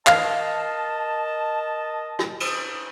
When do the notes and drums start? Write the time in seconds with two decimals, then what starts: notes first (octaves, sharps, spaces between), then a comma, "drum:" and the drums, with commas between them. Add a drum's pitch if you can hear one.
0.07 A#4 D#5 F5 A5, drum: clap
2.19 drum: rim click
2.40 drum: cymbal